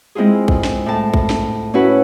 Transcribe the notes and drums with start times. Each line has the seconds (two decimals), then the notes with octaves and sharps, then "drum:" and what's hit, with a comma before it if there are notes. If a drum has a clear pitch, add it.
0.15 G#3 C4 E4 F4 G#4
0.48 drum: kick
0.64 drum: snare
0.86 A2 A5
1.14 drum: kick
1.30 drum: snare
1.74 C#4 E4 F#4 B4